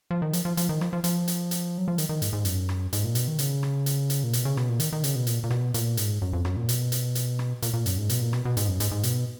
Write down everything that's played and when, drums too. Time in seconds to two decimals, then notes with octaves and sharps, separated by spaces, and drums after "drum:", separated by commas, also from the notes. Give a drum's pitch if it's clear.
0.11 F3
0.22 D#3
0.33 F3, drum: hi-hat
0.45 F3
0.57 F3, drum: hi-hat
0.69 D#3
0.81 F3, drum: rim click
0.93 F3
1.04 F3, drum: hi-hat
1.28 drum: hi-hat
1.51 drum: hi-hat
1.78 F#3
1.88 F3
1.98 D#3, drum: hi-hat
2.09 D#3
2.22 G#2, drum: hi-hat
2.33 G#2
2.45 F#2, drum: hi-hat
2.69 drum: rim click
2.93 G#2, drum: hi-hat
3.04 A#2
3.15 B2, drum: hi-hat
3.28 D#3
3.39 C#3, drum: hi-hat
3.63 drum: rim click
3.86 drum: hi-hat
4.10 drum: hi-hat
4.24 A#2
4.33 B2, drum: hi-hat
4.45 C#3
4.57 B2, drum: rim click
4.69 A#2
4.80 D#3, drum: hi-hat
4.93 D#3
5.04 C#3, drum: hi-hat
5.16 B2
5.27 A#2, drum: hi-hat
5.44 A#2
5.50 B2, drum: rim click
5.74 A#2, drum: hi-hat
5.97 G#2, drum: hi-hat
6.22 F#2
6.33 F2
6.45 F#2, drum: rim click
6.57 A#2
6.69 B2, drum: hi-hat
6.92 drum: hi-hat
7.15 drum: hi-hat
7.39 drum: rim click
7.62 A#2, drum: hi-hat
7.74 A#2
7.86 F#2, drum: hi-hat
7.98 G#2
8.09 B2, drum: hi-hat
8.21 A#2
8.33 B2, drum: rim click
8.45 B2
8.57 G#2, drum: hi-hat
8.68 F#2
8.80 G#2, drum: hi-hat
8.91 G#2
9.03 B2, drum: hi-hat